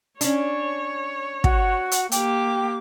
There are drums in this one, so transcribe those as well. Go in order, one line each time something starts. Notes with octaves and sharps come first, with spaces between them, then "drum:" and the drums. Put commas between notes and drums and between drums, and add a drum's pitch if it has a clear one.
C#4 D4 C#5, drum: hi-hat
F#4 F#5, drum: kick
drum: hi-hat
A#3 G4 G5 D6, drum: hi-hat